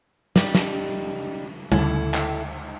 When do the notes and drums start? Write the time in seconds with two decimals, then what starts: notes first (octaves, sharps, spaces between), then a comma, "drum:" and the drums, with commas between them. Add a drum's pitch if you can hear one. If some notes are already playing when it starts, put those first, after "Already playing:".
0.36 G3 D#4 G4, drum: snare
0.55 drum: snare
1.72 D2 C#3 E4 A4, drum: tom G3
2.14 drum: clap